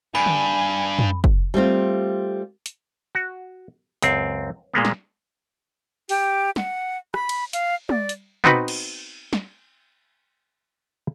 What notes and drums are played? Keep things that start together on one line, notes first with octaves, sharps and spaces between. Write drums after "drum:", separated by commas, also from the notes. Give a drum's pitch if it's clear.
G2 G#5 B5
drum: tom
drum: tom
drum: kick
G3 A3 C4 F4
drum: hi-hat
F#4
C#2 F#2 C4, drum: hi-hat
A#2 G#3 A#3 B3
drum: snare
G4, drum: open hi-hat
F#5, drum: snare
B5, drum: rim click
drum: cymbal
F5, drum: hi-hat
D5, drum: tom
drum: hi-hat
B3 C4 D#4 F#4 B4, drum: tom
drum: cymbal
drum: snare